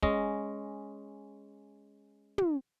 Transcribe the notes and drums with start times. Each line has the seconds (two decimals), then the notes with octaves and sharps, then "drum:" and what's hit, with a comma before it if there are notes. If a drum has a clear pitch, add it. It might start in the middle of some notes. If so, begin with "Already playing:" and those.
0.03 G#3 C#4 D#5, drum: kick
2.38 drum: tom